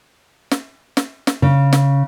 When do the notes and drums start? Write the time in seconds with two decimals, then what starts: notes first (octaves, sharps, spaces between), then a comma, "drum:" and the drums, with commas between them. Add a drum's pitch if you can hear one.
0.51 drum: snare
0.97 drum: snare
1.27 drum: snare
1.42 C#3
1.73 drum: snare